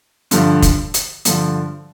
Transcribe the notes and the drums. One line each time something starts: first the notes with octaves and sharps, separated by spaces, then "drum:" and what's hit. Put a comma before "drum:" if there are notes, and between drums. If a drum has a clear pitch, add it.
G2 D3 F3, drum: hi-hat
drum: kick, hi-hat
drum: hi-hat
G2 D3 F3, drum: hi-hat